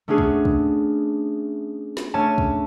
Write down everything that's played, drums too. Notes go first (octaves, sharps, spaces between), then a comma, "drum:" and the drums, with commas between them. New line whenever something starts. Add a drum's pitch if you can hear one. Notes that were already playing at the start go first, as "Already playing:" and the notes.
A3 B3 C#4 D4 G#4
drum: kick
drum: kick
drum: snare
A3 C#4 D4 C#5 G#5 A5
drum: kick